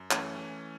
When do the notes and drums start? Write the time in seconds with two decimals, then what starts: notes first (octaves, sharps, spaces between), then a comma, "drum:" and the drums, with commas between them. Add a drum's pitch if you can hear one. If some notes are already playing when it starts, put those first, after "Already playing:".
Already playing: F#2
0.11 E3 A3 C#4, drum: clap
0.38 E3